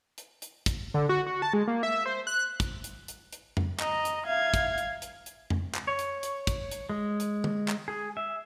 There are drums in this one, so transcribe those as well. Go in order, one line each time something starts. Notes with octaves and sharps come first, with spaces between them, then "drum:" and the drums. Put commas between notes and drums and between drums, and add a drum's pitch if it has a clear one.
drum: hi-hat
drum: hi-hat
drum: kick, hi-hat
D3
F#4
F#4
A5
G#3
A#3
E5
C5
F#6
drum: kick, hi-hat
drum: hi-hat
drum: hi-hat
drum: hi-hat
drum: tom F2
D#5 A#5, drum: clap
drum: hi-hat
E5 F5 G#6
drum: kick, hi-hat
drum: hi-hat
drum: hi-hat
drum: hi-hat
drum: tom F2
drum: clap
C#5
drum: hi-hat
drum: hi-hat
drum: kick, hi-hat
drum: hi-hat
G#3
drum: hi-hat
drum: tom D3
drum: clap
G#4
E5